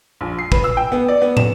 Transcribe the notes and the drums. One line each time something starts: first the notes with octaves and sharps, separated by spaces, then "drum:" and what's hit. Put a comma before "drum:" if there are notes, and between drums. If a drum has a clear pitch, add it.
A#1
C7
B4, drum: kick
E6
G5
B3
D5
B3
E7, drum: tom